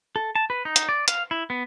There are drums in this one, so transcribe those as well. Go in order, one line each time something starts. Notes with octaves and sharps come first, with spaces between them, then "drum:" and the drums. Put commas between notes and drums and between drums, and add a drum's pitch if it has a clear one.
A4
A5
B4
D#4
drum: hi-hat
D5
F5, drum: hi-hat
E4
B3